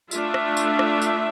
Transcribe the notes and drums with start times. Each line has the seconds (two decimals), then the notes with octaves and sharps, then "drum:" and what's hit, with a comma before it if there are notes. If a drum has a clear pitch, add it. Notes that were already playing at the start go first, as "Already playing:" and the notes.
0.11 A3 D4 F4 E5, drum: tambourine
0.34 drum: rim click
0.57 drum: tambourine
0.79 drum: rim click
1.02 drum: tambourine